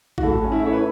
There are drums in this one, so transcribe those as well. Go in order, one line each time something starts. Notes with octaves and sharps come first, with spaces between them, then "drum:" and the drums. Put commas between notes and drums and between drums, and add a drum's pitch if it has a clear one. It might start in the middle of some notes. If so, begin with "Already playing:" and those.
F#4, drum: kick
A2 A4
C#4
E4
E5
A3 C#5
B4